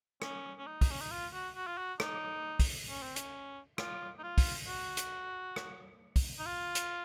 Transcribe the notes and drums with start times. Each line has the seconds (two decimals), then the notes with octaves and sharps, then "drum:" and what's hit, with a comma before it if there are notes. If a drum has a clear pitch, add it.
0.22 C#4, drum: rim click
0.58 C#4
0.66 D#4
0.81 drum: kick, open hi-hat
0.90 C#4
1.01 D#4
1.11 F4
1.33 F#4
1.56 F#4
1.67 F4
1.77 F#4
2.00 D#4, drum: rim click
2.59 drum: kick, open hi-hat
2.89 C#4
3.03 C4
3.16 C#4, drum: hi-hat
3.78 F4, drum: rim click
4.19 D#4
4.23 F4
4.38 drum: kick, open hi-hat
4.67 F#4
4.97 drum: hi-hat
5.56 drum: rim click
6.16 drum: kick, open hi-hat
6.39 D#4
6.46 F4
6.75 drum: hi-hat